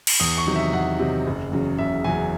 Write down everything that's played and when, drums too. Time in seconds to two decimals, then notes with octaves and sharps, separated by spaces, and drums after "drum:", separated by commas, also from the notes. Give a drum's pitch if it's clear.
0.07 drum: cymbal
0.20 E2 D#6
0.38 C#6
0.47 C3 D#3 F#3
0.56 E5
0.73 E2 F#5
0.99 C3 D#3 F#3
1.27 F#1
1.52 E2 C#3 F#3
1.78 F#1 E5
2.04 E2 C#3 F#3 G#5